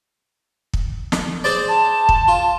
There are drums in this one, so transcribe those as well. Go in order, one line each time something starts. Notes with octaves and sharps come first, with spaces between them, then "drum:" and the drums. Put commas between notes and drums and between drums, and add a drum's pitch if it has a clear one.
drum: kick
drum: snare
G#4 C5 D5 A6
A5
drum: kick
F4